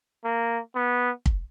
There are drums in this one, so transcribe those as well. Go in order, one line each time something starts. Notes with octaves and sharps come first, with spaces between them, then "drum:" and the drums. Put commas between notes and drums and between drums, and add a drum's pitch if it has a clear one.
A#3
B3
drum: kick